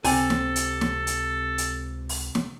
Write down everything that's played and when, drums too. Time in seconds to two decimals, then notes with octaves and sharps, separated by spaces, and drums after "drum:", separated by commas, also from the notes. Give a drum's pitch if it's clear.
0.04 C#2 C3 A4 G#5 A5, drum: open hi-hat
0.30 drum: snare
0.56 drum: hi-hat
0.81 drum: snare
1.07 drum: hi-hat
1.58 drum: hi-hat
2.09 drum: open hi-hat
2.35 drum: snare